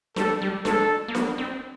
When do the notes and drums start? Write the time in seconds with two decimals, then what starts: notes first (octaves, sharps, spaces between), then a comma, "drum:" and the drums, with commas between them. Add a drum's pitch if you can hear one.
0.16 G3 A4, drum: snare D4
0.42 G3
0.65 G#3 A4, drum: snare D4
1.08 A#3
1.15 B3, drum: snare D4
1.38 C4